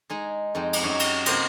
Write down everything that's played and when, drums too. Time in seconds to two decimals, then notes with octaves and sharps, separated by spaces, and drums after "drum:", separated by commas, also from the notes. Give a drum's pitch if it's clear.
0.10 G#3 D#4 G#4
0.55 F2 G#3 D#4 G5
0.73 drum: cymbal
0.83 F#2 D#4 G4 C#5
0.99 drum: cymbal
1.26 C3 A#3 D#4 C5 G5, drum: cymbal